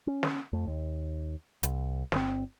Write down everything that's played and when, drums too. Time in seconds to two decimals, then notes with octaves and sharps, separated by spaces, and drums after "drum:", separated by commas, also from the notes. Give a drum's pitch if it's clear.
0.07 C#4
0.23 drum: snare
0.53 F2 A3
0.67 D#2
1.63 C2, drum: hi-hat
2.12 G1 C4, drum: snare